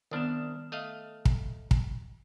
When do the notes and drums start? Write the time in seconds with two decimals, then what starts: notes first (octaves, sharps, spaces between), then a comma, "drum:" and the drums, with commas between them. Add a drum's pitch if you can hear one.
0.11 C2 D#3 B3 D4 D#6 F6 E7
0.72 A3 D#5 F5
1.25 drum: kick
1.71 drum: kick